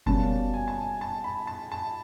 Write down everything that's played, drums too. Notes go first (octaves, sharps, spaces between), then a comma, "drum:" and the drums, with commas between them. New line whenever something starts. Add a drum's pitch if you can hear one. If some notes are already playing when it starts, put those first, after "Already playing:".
B2 G3 A#3 C#4 A5, drum: kick F#1
G#5
A5
G#5
A5
B5
A5
A5